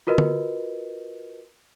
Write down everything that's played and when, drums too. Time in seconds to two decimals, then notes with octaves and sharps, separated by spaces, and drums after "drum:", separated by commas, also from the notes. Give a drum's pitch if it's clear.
0.07 F4 F#4 A#4 B4 D#5
0.18 drum: tom D3